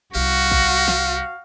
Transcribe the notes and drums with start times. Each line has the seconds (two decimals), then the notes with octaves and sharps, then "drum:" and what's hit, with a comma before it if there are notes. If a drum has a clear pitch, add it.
0.15 C2 F#4 G4 F5
0.51 drum: kick
0.88 drum: snare